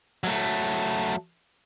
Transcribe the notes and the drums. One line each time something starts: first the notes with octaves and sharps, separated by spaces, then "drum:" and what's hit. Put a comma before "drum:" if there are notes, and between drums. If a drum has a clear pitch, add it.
F#3 A3, drum: open hi-hat